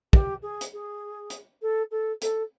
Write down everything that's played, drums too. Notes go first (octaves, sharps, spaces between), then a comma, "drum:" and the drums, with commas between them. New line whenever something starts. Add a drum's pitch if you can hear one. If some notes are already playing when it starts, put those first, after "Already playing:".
G4, drum: kick
G#4
drum: hi-hat
G#4
drum: hi-hat
A4
A4
A4, drum: hi-hat